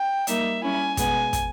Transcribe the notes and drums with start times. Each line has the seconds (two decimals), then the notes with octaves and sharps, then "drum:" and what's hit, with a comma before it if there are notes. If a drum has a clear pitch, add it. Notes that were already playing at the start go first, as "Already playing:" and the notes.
Already playing: G5
0.27 G3 A#3 D#4 E5, drum: hi-hat
0.62 G3 C#4 E4 G#5
0.97 B2 G#3 B3 G#5, drum: kick, hi-hat
1.33 drum: kick, hi-hat